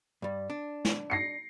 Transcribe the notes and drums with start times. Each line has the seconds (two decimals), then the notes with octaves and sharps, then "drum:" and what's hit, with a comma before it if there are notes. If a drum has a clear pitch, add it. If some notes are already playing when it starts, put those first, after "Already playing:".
0.22 G2 G3
0.50 D4
0.85 drum: snare
1.10 A#6 C7 C#7